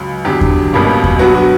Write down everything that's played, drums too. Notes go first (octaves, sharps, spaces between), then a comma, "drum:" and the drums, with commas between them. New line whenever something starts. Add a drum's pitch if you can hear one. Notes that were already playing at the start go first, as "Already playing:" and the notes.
Already playing: C#2 C#3 F#3
E2 D3 F#3 G4
drum: kick E2
C#2 B2 G3 A#3 C#4
drum: kick E2
G2 F#3 B3 F#4
F#4